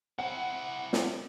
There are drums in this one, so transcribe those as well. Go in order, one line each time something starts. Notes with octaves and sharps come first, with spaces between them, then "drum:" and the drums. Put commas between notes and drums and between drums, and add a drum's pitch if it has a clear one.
C4 E4 F#5
drum: snare